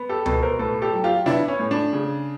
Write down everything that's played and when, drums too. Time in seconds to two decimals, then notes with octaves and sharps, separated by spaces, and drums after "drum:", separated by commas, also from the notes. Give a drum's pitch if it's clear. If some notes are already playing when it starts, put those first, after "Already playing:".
Already playing: B3
0.09 G4 A4
0.26 B2 A4 B4, drum: tom C#2
0.43 A#4 C5
0.59 A2 A4 B4
0.82 G4 A4
0.93 F#3
1.04 F4 G4
1.26 B3 D4 E4, drum: snare
1.48 C#4
1.59 A2
1.71 D4
1.93 C#3